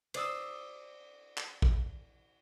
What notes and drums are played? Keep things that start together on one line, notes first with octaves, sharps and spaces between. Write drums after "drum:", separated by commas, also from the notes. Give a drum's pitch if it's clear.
C5 D5 D#6 E6, drum: cymbal
drum: clap
drum: kick A#1